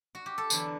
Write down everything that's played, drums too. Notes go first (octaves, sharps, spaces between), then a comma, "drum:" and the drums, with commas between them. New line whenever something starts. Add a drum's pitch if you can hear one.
F#4
G4
A4
E2 D3 F#3 B4, drum: tambourine